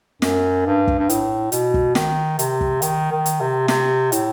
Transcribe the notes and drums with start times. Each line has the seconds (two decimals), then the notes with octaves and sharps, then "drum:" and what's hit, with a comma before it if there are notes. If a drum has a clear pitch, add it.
0.22 F#2, drum: snare
0.66 G2
0.88 drum: kick
0.99 G2
1.09 A2, drum: hi-hat
1.52 B2, drum: hi-hat
1.74 drum: kick
1.95 D#3, drum: snare
2.39 C3, drum: hi-hat
2.61 drum: kick
2.82 D#3, drum: hi-hat
3.12 D#3
3.26 drum: hi-hat
3.41 C3
3.68 C3, drum: snare
4.12 A2, drum: hi-hat